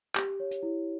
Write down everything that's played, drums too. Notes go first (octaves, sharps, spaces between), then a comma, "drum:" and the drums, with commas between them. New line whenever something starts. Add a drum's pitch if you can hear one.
G4, drum: clap
C#5
drum: hi-hat
E4